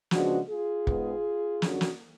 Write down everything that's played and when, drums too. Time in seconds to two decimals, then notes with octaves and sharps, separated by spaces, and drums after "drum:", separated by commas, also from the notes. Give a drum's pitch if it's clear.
0.11 C#3 F3 G#3 B3 D4 F#4, drum: snare
0.49 F4 G#4
0.87 G#2 G#3 B3, drum: kick
1.62 F#2 D3 F#3, drum: snare
1.81 drum: snare